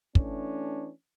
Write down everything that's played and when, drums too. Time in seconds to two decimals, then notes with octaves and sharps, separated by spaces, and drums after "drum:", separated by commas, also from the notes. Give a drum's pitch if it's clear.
0.15 E3 A3 C#4 D4, drum: kick